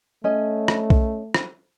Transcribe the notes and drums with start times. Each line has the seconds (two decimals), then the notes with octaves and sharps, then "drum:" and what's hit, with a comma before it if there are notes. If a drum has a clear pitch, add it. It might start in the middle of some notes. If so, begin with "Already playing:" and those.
0.24 A3 C#4 D#5
0.68 drum: rim click
0.90 drum: kick B1
1.34 drum: rim click